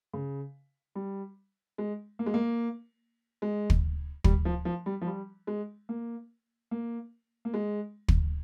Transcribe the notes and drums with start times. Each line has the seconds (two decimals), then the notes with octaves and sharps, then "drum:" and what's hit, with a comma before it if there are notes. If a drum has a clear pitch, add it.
0.14 C#3
0.95 G3
1.78 G#3
2.19 A#3
2.26 G#3
2.34 A#3
3.42 G#3
3.70 drum: kick
4.24 G3, drum: kick
4.45 F3
4.65 F3
4.86 G3
5.01 F3
5.07 G3
5.47 G#3
5.89 A#3
6.71 A#3
7.45 A#3
7.54 G#3
8.08 drum: kick